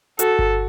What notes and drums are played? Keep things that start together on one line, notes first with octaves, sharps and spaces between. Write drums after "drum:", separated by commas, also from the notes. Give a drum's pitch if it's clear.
F#4 A4, drum: hi-hat
drum: kick G1